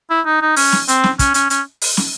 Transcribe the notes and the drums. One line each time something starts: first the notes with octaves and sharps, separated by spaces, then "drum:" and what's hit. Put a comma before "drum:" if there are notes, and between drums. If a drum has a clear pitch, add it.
E4
D#4
D#4
C#4, drum: open hi-hat
drum: snare
C4, drum: hi-hat
drum: snare
C#4, drum: kick, hi-hat
C#4, drum: hi-hat
C#4, drum: hi-hat
drum: open hi-hat
drum: snare